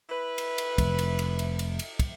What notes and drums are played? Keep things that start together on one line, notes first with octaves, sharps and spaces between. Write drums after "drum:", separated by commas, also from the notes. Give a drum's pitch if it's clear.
E4 B4
drum: cymbal
drum: cymbal
F1, drum: kick, cymbal
drum: cymbal
drum: cymbal
drum: cymbal
drum: cymbal
drum: cymbal
drum: kick, cymbal